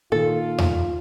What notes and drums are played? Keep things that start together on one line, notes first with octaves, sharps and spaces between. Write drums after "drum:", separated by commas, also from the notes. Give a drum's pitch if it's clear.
A#2 D#3 F4 A4
drum: tom E2